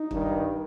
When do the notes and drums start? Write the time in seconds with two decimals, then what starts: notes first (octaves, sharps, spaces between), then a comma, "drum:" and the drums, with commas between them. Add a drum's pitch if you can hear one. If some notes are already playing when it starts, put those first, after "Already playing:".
Already playing: D#4
0.11 G2 D#3, drum: kick